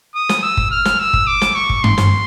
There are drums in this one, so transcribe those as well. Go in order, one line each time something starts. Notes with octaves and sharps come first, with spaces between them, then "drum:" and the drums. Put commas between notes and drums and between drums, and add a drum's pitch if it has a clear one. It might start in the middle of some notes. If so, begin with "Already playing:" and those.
D#6
drum: snare
E6
drum: kick
F6
drum: snare
E6
drum: kick
D6
drum: snare
C#6
drum: kick
C6, drum: tom G2
drum: snare